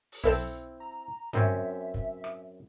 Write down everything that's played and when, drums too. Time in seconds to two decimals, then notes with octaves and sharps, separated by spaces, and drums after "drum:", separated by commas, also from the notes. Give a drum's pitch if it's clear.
0.12 drum: open hi-hat
0.24 B1 C4 E4 A4 E7
0.80 A#5
1.33 F#2 C4 C#4 E5, drum: tom G2
1.94 drum: kick
2.24 drum: rim click